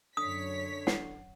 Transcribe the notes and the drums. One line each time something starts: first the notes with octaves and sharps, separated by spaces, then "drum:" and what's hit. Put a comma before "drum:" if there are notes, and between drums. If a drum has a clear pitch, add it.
F#2 D3 C#5 D#6 B6
F#5, drum: snare